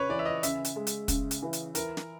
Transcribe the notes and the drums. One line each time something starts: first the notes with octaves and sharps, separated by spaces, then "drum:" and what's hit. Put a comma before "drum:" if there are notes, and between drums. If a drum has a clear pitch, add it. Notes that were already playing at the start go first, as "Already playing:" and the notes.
Already playing: C#3 B4 C#5
E3 D5
E5
D#5
C#3 E5, drum: hi-hat
drum: hi-hat
G#3
drum: hi-hat
C#3, drum: kick, hi-hat
drum: hi-hat
E3
drum: hi-hat
E3 A#4, drum: hi-hat
drum: snare